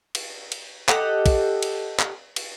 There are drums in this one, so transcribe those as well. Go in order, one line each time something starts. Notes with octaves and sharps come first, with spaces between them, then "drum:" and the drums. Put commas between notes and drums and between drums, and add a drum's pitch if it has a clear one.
drum: cymbal
drum: cymbal
G4 A4 D#5 F#5, drum: clap
drum: kick, cymbal
drum: cymbal
drum: clap
drum: cymbal